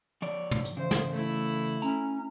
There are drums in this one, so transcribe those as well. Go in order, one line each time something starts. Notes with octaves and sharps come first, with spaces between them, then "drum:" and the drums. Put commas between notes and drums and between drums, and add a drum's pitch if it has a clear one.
F3 C#5 D5
drum: tom
drum: hi-hat
C#3 E3 C5
drum: snare
A3 E4
C#4 A#5, drum: tambourine